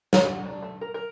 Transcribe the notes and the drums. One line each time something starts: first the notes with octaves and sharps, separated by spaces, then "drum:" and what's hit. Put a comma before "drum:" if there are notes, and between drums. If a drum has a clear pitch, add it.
C#5, drum: snare
F#5
D4
A3
A#4
A#4